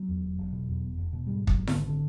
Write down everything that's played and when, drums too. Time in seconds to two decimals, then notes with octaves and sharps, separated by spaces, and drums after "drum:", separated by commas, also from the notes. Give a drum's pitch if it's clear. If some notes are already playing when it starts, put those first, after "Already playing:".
Already playing: F#3
0.08 E2
0.22 E1
0.38 E1
0.52 B2
0.68 E2
0.82 E1
0.98 E1
1.13 B2
1.27 G#2 G3
1.42 G#1
1.47 F#3, drum: kick
1.57 G#2
1.67 G#1 D3, drum: snare E4
1.86 D3